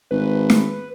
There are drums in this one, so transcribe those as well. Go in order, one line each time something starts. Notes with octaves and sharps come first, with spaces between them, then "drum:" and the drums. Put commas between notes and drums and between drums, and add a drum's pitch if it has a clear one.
G#1 B4
drum: snare